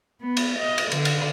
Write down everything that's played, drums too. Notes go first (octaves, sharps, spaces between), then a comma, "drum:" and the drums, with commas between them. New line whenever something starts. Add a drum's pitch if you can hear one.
B3
drum: cymbal
D#5
drum: cymbal
D3, drum: cymbal
drum: cymbal